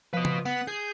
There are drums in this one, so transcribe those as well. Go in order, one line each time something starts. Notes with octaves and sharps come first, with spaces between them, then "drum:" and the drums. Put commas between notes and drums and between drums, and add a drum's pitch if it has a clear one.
F3 B4 D#5
drum: tom C#3
B3 F#5
G#4 G6